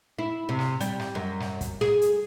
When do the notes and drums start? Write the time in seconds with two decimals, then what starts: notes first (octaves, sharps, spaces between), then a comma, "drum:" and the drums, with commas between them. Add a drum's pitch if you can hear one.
0.18 E4
0.49 C3
0.59 drum: snare
0.81 G3, drum: hi-hat
1.00 drum: snare
1.15 F#2
1.40 drum: snare
1.61 drum: kick, hi-hat
1.81 G#4, drum: snare
2.02 drum: hi-hat